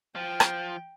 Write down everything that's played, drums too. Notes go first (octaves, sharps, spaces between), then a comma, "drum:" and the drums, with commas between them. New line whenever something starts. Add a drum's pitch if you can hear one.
F3 G5
drum: rim click